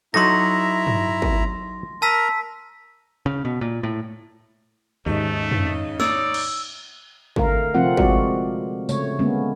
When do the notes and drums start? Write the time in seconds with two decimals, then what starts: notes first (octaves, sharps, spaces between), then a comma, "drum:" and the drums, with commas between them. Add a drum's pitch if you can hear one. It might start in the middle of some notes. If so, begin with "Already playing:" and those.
0.14 F#3 D#4 E4 A4 E5 A#5 C6 A#6
0.87 drum: tom G2
1.22 drum: kick G#1
2.02 A#4 A5 A#5 E6 B6
3.26 C#3
3.45 B2
3.61 A#2
3.83 A2
5.06 D#2 G#2 C#3 A3 D#4
5.51 drum: tom
6.00 D#4 C#5 D5 E6, drum: snare
6.34 drum: cymbal
7.36 D3 A3 A#4 F5, drum: kick G#1
7.74 C3 F3 A3 C4 F4 F#5
7.97 G#3 F#4 D5, drum: kick G#1
8.89 C#3 A3 C#5, drum: tambourine
9.19 D3 G#3 A#3 B3 C#4